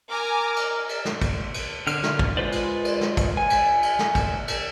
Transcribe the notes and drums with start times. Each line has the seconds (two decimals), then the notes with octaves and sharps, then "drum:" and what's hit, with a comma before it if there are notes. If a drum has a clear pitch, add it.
0.10 A#4 G#5 A#5 D6
0.56 drum: cymbal
0.89 drum: cymbal
1.05 drum: snare
1.22 drum: kick, cymbal
1.54 drum: cymbal
1.87 D3 F6, drum: cymbal
2.03 drum: snare
2.19 drum: kick
2.37 G#3 F4 B4 C5 D5
2.52 drum: cymbal
2.85 drum: cymbal
3.01 drum: snare
3.17 drum: kick, cymbal
3.37 G#5
3.50 drum: cymbal
3.83 drum: cymbal
3.99 drum: snare
4.15 drum: kick, cymbal
4.48 drum: cymbal